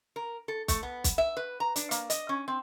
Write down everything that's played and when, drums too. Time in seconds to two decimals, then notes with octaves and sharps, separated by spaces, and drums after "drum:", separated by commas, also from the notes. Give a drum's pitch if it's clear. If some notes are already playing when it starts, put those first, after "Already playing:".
0.16 A#4
0.48 A4
0.68 A3, drum: kick, hi-hat
0.83 B3
1.04 drum: kick, hi-hat
1.18 E5
1.37 B4
1.60 A#5
1.76 D4, drum: hi-hat
1.91 A#3, drum: hi-hat
2.10 D#5, drum: hi-hat
2.29 C#4
2.48 C4